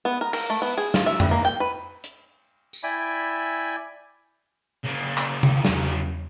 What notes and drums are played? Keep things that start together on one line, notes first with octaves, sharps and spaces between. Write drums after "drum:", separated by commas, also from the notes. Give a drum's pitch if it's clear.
B3
A#4
A#4, drum: cymbal
A3
B3
G#4
F4, drum: snare
E5
G3, drum: tom F2
A#3
G5
B4
drum: hi-hat
drum: tambourine
E4 D5 E5 G5 G#5 B5
C#3 A#3
drum: clap
drum: tom
E2 F#3, drum: snare